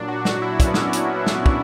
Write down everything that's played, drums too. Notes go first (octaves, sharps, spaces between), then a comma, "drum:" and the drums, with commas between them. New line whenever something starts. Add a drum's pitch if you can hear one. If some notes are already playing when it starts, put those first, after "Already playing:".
Already playing: A#2 F#3 D4
F#4
F#4, drum: snare
E4
C#4, drum: kick, hi-hat
B3
C#4, drum: snare
drum: hi-hat
D4, drum: snare
E4, drum: kick